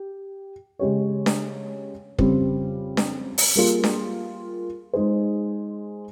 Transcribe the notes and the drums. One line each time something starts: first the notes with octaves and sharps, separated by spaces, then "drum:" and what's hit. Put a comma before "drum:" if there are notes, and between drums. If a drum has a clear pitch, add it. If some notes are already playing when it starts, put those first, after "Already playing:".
Already playing: G4
C#3 G#3 C#4 G4 C#5
drum: snare D4
F2 C#3 G3 C4, drum: kick
drum: snare D4
drum: open hi-hat
G3 A#3 F4 G#4
drum: snare D4
G#3 D#4 G#4 C5